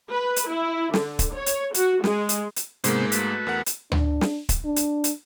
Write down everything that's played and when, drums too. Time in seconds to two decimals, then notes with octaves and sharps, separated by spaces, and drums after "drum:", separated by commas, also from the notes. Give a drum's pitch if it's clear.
0.10 B4
0.36 drum: hi-hat
0.49 E4
0.94 D3, drum: snare
1.19 drum: kick, hi-hat
1.34 C#5
1.46 drum: hi-hat
1.74 F#4, drum: hi-hat
2.04 G#3, drum: snare
2.29 drum: hi-hat
2.56 drum: hi-hat
2.84 G#2 C3 G#3 A#3 B3 C5, drum: hi-hat
3.12 A3 F#4 B4, drum: hi-hat
3.47 E2 A#4 F#5
3.66 drum: hi-hat
3.92 D4, drum: tom D2
4.21 drum: snare
4.49 drum: kick, hi-hat
4.65 D4
4.76 drum: hi-hat
5.04 drum: hi-hat